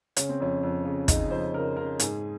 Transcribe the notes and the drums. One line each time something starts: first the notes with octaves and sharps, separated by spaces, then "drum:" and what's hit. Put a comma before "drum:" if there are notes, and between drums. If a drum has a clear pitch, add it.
C#3 C#4, drum: hi-hat
C4
F2 C#4
F2
C#3
C#3 D#4, drum: kick, hi-hat
F2 C5
C#3 A#4
C#3 A#4
G#2 G#4, drum: hi-hat